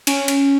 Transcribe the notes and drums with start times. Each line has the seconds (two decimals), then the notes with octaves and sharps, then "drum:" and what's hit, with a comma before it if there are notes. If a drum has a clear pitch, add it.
0.07 C#4, drum: cymbal
0.28 drum: cymbal